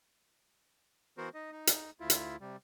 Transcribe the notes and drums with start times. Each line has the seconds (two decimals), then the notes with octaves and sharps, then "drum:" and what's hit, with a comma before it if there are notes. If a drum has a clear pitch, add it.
1.18 E3 B3 F#4 A#4 C5
1.34 D#4 D#5
1.51 D#4
1.67 drum: hi-hat
2.00 D2 E4 F4
2.10 drum: hi-hat
2.41 C3 G3